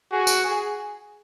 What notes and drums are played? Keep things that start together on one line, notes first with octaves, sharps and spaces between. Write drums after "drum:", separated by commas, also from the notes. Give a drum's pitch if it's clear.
F#4 G#4
drum: tambourine
G#4